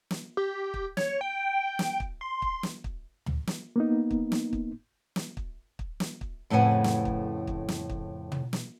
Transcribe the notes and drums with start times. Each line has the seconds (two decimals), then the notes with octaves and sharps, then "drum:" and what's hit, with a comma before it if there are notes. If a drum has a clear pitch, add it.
0.11 drum: snare
0.37 G4
0.74 drum: kick
0.97 C#5, drum: snare
1.21 G5
1.79 drum: snare
2.00 drum: kick
2.21 C6
2.42 drum: kick
2.63 drum: snare
2.84 drum: kick
3.26 drum: tom
3.47 drum: snare
3.76 A#3 B3 D#4
4.11 drum: kick
4.32 drum: snare
4.53 drum: kick
5.16 drum: snare
5.37 drum: kick
5.79 drum: kick
6.00 drum: snare
6.21 drum: kick
6.50 F2 A2 C#3 B4 F#5 G#5
6.84 drum: snare
7.05 drum: kick
7.47 drum: kick
7.68 drum: snare
7.90 drum: kick
8.32 drum: tom
8.53 drum: snare